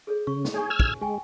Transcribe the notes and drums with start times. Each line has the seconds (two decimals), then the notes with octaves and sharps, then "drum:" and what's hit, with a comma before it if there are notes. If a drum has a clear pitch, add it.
0.07 G#4 A4 C#5
0.27 C#3 C#6
0.45 drum: snare
0.54 G#4 C#5 G#5 C#6
0.70 E6 F6 G#6
0.80 drum: kick
1.01 G#3 G5 G#5 C#6